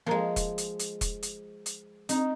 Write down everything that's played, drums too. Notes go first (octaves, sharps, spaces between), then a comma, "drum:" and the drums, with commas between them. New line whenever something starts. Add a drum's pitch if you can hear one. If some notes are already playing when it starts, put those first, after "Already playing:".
F3 G#3 A#3 A#4 A#5
drum: kick E1, hi-hat
drum: hi-hat
drum: hi-hat
drum: kick E1, hi-hat
drum: hi-hat
drum: hi-hat
C4 D#4, drum: hi-hat